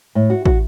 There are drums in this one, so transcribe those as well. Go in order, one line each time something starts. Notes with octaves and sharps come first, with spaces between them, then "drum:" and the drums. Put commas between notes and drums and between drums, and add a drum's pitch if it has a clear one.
A2
F#4
F#4, drum: kick